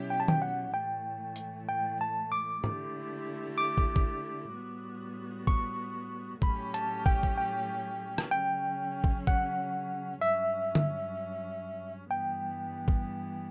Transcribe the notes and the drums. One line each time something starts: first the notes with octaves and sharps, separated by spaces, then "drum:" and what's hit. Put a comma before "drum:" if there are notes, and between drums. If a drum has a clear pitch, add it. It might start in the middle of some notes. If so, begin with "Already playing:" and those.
Already playing: B2 F#3 C#4 E4 G4
G5
A5
G5, drum: tom D#3
F#5
A2 E3 A3 G5
drum: hi-hat
G5
A5
D6
D3 A3 E4 G4, drum: tom G#2
D6
drum: kick
drum: kick
A2 G3 B3 F#4
C#6, drum: kick
A2 F#3 A3 C#4 G4 B5, drum: kick
A5, drum: hi-hat
G5, drum: kick
drum: kick
G5
drum: rim click
C#3 F#3 C#4 G5
drum: kick
F#5, drum: kick
G2 F#3 C#4 E5
drum: tom D3
G2 E3 G3 B3 G5
drum: kick